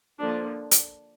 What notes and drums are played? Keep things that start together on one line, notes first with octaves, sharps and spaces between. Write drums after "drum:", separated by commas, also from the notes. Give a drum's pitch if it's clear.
D3 F3 A#3 D4
drum: hi-hat